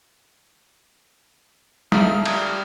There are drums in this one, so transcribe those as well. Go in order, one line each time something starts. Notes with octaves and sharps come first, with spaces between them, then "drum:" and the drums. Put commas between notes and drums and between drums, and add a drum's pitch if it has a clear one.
A4 E5 F5 A5 A#5 D#6 F6, drum: snare
G3, drum: cymbal